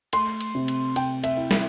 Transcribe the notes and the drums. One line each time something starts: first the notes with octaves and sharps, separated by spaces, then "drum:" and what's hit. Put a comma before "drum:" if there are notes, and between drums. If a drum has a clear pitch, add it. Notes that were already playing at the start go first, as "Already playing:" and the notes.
A3 C6, drum: cymbal
drum: cymbal
C3
drum: cymbal
C3 G5, drum: cymbal
E5, drum: cymbal
E4
E5, drum: snare